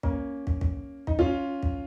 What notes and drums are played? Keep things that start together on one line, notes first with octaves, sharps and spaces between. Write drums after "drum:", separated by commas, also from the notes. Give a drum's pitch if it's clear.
A#3 C#4, drum: kick
drum: kick
drum: kick
D#4, drum: kick
C#4 F4, drum: kick
drum: kick